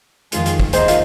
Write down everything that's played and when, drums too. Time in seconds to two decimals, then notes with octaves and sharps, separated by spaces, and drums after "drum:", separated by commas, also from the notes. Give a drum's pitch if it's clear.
0.32 F2 D#3 G#3 F4 G#4, drum: hi-hat
0.46 drum: hi-hat
0.60 drum: kick
0.73 D#2 D#3 A#3 D#4 G#4 C5, drum: hi-hat
0.88 F4, drum: hi-hat